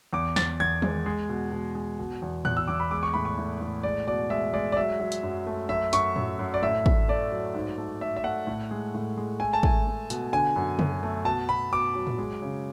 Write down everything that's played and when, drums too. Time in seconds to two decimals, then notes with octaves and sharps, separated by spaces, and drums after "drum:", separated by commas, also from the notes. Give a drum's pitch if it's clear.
0.13 E2 D6
0.36 E2 A6, drum: snare
0.60 E2 G#6
0.82 G#3, drum: tom D#3
1.06 G#3
1.29 B2
1.52 B2
1.75 G#3
1.99 B2
2.22 E2
2.45 E2 F#6, drum: tom A2
2.57 E6
2.68 E2 D6
2.80 B5
2.91 G#3 D6
3.03 C#6
3.14 A2 B5
3.25 C#6
3.38 A2
3.61 A2
3.83 G#3 D5
4.07 B2 D5
4.30 G#3 E5
4.53 G#3 D5
4.72 D5
4.76 F#3 E5
5.00 F#3
5.12 drum: hi-hat
5.23 F#2
5.46 A3
5.69 F#2 E5
5.93 F#2 C#6, drum: hi-hat
6.16 F#2, drum: tom A2
6.39 F#2
6.54 D5
6.62 A2 E5
6.86 A2, drum: kick
7.08 A3 D5
7.32 F#3
7.54 G#2
7.78 A3
8.01 A3 E5
8.16 E5
8.24 A3 F#5
8.47 A2
8.71 G#3
8.94 A2
9.17 G#3
9.40 A3 G#5
9.53 A5
9.63 A3 G#5, drum: kick
9.87 A3
10.10 B2, drum: hi-hat
10.33 D3 G#5
10.56 F#2
10.79 F#2, drum: tom C#3
11.03 A3
11.25 B2 A5
11.48 B2 B5
11.72 B2 D6
11.95 F#3
12.07 drum: tom A2
12.18 G#3
12.42 C#3